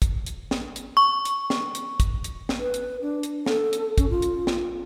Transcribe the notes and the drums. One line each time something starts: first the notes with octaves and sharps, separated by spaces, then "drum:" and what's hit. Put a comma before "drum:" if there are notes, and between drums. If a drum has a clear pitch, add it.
drum: kick, hi-hat
drum: hi-hat
drum: snare
drum: hi-hat
C#6
drum: hi-hat
drum: snare
drum: hi-hat
drum: kick, hi-hat
drum: hi-hat
drum: snare
B4
drum: hi-hat
D4
drum: hi-hat
A4, drum: snare
drum: hi-hat
C#4, drum: kick, hi-hat
F4
drum: hi-hat
drum: snare